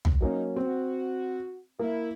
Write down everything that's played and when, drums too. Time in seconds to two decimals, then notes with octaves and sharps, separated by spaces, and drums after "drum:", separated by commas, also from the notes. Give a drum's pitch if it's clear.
0.05 drum: tom
0.21 F#3 A#3 C#4 D#4
0.56 C4 F#4
1.79 A#3 E4